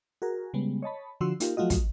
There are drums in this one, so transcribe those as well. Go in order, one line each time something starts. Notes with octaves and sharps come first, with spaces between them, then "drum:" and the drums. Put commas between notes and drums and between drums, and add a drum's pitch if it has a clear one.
F#4 G#4 A#4
C#3 G3 G#3 B3
C#5 D#5 A5 B5
D3 F3 F#4 C6 E6
A#3 D#4 F4 G4 A#4, drum: hi-hat
F3 F#3 A3 F4 F#4 D#5
drum: kick, hi-hat